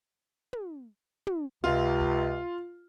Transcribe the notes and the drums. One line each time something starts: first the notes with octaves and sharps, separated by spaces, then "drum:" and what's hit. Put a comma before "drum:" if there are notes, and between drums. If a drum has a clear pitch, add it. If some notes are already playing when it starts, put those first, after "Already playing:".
drum: tom
drum: tom
C#2 C3 F4
drum: kick